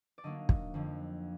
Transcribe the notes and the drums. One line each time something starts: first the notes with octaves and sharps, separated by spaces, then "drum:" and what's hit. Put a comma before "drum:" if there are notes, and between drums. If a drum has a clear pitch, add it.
D5
D3 F#3 A#3 D#4 D#5
drum: kick
F2 D3 F3